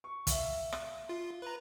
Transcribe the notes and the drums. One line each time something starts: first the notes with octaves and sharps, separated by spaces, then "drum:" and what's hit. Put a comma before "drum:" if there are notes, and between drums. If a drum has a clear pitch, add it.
C#6
E5 F5, drum: kick, hi-hat
drum: rim click
F4
B4 A#5